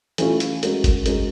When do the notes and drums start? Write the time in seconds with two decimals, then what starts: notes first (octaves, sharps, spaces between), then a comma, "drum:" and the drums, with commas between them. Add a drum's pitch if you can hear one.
0.18 E3 A3 C#4 F4, drum: hi-hat
0.40 drum: hi-hat
0.63 G#3 C#4 F#4 A#4, drum: hi-hat
0.84 drum: kick G1, hi-hat
1.06 G#3 C#4 F#4 A#4, drum: hi-hat